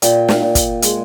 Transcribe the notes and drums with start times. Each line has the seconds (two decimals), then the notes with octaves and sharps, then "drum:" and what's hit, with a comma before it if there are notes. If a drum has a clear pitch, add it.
0.02 A#2 G5, drum: hi-hat
0.29 drum: snare
0.42 A#2
0.55 drum: kick, hi-hat
0.82 G#3, drum: hi-hat